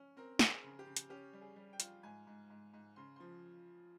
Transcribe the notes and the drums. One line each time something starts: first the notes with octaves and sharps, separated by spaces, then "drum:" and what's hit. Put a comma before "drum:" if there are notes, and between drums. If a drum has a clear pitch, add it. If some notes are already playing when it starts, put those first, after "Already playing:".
Already playing: C#4
C4 A#4
C4, drum: snare
G#4
C#3
G4
C#3
drum: hi-hat
C#4 G4
G3
G#4
G3
G5
F4, drum: hi-hat
G#2 G#5
G#2
G#2
G#2
C#3 C6
F3 C6